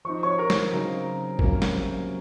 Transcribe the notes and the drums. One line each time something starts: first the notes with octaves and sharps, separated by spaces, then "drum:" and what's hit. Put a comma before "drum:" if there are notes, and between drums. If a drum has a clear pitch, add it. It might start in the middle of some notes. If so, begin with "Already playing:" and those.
F3 C4 D#4 C#6
C#5 C#6
A#4 A#5
drum: snare
C#3 F#3 C4 D#4
C3 F#3 A#3 C#4, drum: kick
drum: snare